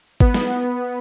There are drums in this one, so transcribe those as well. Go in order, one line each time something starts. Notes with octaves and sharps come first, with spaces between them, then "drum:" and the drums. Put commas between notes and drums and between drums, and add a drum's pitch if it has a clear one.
B3, drum: kick G1
drum: snare